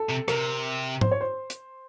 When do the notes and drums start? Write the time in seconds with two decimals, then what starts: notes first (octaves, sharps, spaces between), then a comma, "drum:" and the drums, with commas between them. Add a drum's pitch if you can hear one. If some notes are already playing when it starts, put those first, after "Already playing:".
Already playing: A4
0.10 C3
0.28 C3 A#4, drum: rim click
1.01 C5, drum: tom G#2
1.12 C#5
1.21 C5
1.50 drum: hi-hat